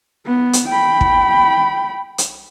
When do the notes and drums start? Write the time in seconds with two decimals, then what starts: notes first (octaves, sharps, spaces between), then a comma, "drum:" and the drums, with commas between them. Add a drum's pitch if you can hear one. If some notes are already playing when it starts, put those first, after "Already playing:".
0.25 B3
0.53 drum: hi-hat
0.68 G5 B5
1.01 drum: kick
2.18 drum: hi-hat